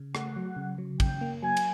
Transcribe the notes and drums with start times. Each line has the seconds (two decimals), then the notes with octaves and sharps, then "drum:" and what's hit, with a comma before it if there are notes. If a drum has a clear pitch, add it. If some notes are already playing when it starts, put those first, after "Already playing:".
Already playing: C#3
0.15 A3 F#5, drum: rim click
0.36 F#3
0.56 C#3
0.78 F#3
1.00 C#3 G5, drum: kick, cymbal
1.21 A#3
1.43 F#3 G#5
1.57 drum: cymbal